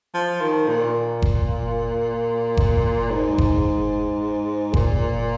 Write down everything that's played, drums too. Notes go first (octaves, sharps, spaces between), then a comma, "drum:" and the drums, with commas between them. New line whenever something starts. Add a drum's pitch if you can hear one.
F3
D#3
A#2
drum: kick F#1
drum: kick F#1
G#2
drum: kick F#1
A#2, drum: kick F#1